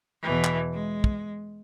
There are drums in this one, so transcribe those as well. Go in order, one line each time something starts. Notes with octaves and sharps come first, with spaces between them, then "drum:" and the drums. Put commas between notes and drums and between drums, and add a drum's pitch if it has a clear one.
E2 B2 E3
drum: clap
G#3
drum: kick